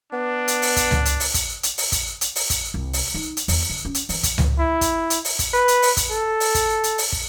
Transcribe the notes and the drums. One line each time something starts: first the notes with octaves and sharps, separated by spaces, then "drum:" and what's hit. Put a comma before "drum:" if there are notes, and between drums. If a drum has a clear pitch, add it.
B3 D4
drum: hi-hat
drum: open hi-hat
drum: kick, hi-hat
drum: tom C#2
drum: hi-hat
drum: open hi-hat
drum: kick, hi-hat
drum: hi-hat
drum: open hi-hat
drum: kick, hi-hat
drum: hi-hat
drum: open hi-hat
drum: kick, hi-hat
C2
drum: open hi-hat
D#4
drum: hi-hat
E2, drum: open hi-hat
D3
C#4
drum: hi-hat
E3, drum: open hi-hat
drum: kick, hi-hat
drum: tom C#2
E4
drum: kick, hi-hat
drum: hi-hat
drum: open hi-hat
drum: kick, hi-hat
B4
drum: hi-hat
drum: open hi-hat
drum: kick, hi-hat
A4
drum: open hi-hat
drum: kick, hi-hat
drum: hi-hat
drum: open hi-hat
drum: kick